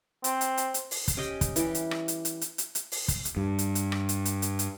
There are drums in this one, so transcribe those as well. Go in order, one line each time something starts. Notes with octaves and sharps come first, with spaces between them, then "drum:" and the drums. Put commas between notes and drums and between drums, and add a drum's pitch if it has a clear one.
C4, drum: hi-hat
drum: hi-hat
drum: hi-hat
drum: hi-hat
drum: open hi-hat
drum: kick, hi-hat
C#4 G4 D#5 G5
drum: kick, hi-hat
E3 G3 G4, drum: hi-hat
drum: hi-hat
drum: rim click
drum: hi-hat
drum: hi-hat
drum: hi-hat
drum: hi-hat
drum: hi-hat
drum: open hi-hat
drum: kick, hi-hat
drum: hi-hat
G2
drum: hi-hat
drum: hi-hat
drum: rim click
drum: hi-hat
drum: hi-hat
drum: hi-hat
drum: hi-hat